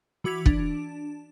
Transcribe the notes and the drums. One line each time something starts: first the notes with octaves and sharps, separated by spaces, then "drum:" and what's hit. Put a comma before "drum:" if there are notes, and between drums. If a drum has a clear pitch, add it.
E3 F#4 D6 G#6 B6 F7
D4, drum: kick